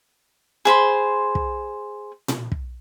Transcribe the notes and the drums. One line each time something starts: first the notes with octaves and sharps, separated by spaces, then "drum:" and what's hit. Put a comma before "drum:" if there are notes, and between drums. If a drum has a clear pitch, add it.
G#4 C5 B5 C6
drum: kick
drum: tom A#2
drum: kick